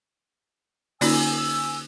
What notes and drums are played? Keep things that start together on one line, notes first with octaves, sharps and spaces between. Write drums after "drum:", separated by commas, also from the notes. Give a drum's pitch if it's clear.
D3 A#3 C#4 D#4 F4 D5 G#5 E6, drum: open hi-hat